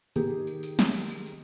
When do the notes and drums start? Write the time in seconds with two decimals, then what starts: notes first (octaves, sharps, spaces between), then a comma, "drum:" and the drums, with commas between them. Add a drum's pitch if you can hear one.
0.16 D#3 D#4 G4 G#4, drum: tambourine
0.47 drum: tambourine
0.63 drum: tambourine
0.79 drum: snare
0.95 drum: tambourine
1.10 drum: tambourine
1.26 drum: tambourine